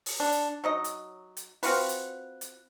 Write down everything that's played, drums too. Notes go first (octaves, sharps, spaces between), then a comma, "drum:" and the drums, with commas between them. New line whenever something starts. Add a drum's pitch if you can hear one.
drum: open hi-hat
D4
drum: hi-hat
F#3 D#4 D#5
drum: hi-hat
drum: hi-hat
C4 F4 F#4 B4, drum: open hi-hat
drum: hi-hat
drum: hi-hat